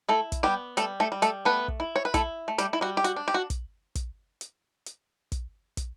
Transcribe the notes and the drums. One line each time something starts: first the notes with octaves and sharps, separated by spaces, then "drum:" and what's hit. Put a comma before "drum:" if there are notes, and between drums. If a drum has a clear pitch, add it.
A3 E4 A4
drum: kick, hi-hat
G3 B3 G4
G3 A3 A4, drum: hi-hat
A3 A4
G3
A3 A4, drum: hi-hat
A3 B3 B4
drum: kick
E4
C#5
B4
A3 E4 A4, drum: kick, hi-hat
A3
G3 G4, drum: hi-hat
E4
G3 F#4
G4
F#4, drum: hi-hat
D4
G4
F#4
drum: kick, hi-hat
drum: kick, hi-hat
drum: hi-hat
drum: hi-hat
drum: kick, hi-hat
drum: kick, hi-hat